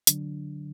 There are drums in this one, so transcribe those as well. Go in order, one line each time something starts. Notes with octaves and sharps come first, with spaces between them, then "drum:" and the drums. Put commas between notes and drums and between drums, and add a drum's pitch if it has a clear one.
D3 F#3 D4, drum: hi-hat